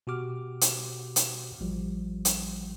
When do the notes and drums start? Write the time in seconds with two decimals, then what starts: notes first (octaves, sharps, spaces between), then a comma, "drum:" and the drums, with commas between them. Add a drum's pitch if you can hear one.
0.07 B2 F#4 G4 D6 F6
0.61 drum: hi-hat
1.16 drum: hi-hat
1.60 A1 F3 G3
2.25 drum: hi-hat